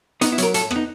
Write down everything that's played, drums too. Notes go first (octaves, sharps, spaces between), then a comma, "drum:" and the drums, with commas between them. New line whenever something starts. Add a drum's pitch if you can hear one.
B3 D#4, drum: hi-hat
E4
F#3 A#4, drum: hi-hat
A2 A4, drum: hi-hat
B3, drum: rim click
D#4